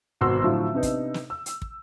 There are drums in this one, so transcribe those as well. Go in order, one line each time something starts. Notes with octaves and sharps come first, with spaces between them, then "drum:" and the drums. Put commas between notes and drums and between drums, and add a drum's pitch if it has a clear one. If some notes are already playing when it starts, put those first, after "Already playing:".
G#1 B2 F#4 C6 E6
A2 D3 F3 F#3
C3 B3 D4 D#4
drum: kick, hi-hat
drum: snare
E6
drum: hi-hat
drum: kick